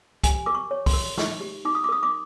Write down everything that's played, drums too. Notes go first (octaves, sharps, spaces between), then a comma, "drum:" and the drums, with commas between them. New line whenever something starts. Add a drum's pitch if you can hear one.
G4 G#5, drum: kick, hi-hat
A#4 D6
C#6
C#5
C6, drum: kick, open hi-hat
A#4
D#4 C#6, drum: snare
G4
D#4 D6
D#6
D6
A#4 D#6
D6